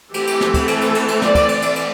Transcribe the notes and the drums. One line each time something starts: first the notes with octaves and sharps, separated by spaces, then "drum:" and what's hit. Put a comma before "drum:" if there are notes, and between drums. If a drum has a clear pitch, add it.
E3 A3 C4 G4, drum: cymbal
drum: cymbal
drum: snare
drum: kick, cymbal
A4, drum: cymbal
drum: cymbal
drum: cymbal
drum: cymbal
D5, drum: snare
drum: kick, cymbal
drum: cymbal
drum: cymbal
drum: cymbal